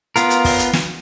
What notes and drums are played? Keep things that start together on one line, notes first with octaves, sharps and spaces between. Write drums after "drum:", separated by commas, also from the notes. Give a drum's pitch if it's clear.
B3 F4 A#4, drum: hi-hat
drum: hi-hat
drum: kick, open hi-hat
drum: hi-hat
drum: snare